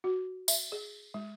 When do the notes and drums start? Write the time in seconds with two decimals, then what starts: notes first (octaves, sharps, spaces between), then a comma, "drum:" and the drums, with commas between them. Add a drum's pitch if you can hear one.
0.04 F#4
0.48 E5, drum: tambourine
0.72 G#4
1.14 G#3